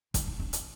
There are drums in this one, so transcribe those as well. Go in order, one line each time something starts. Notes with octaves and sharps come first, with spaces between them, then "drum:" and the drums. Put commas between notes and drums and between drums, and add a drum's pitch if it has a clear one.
E4, drum: kick, hi-hat
D#4
D4
drum: hi-hat